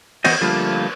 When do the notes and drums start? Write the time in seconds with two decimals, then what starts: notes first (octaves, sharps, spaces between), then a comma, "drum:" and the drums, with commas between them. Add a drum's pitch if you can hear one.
0.24 E3 B3 C4 F#4 C5 D#5, drum: cymbal
0.41 D3 F3 G3 A3 A#3 F4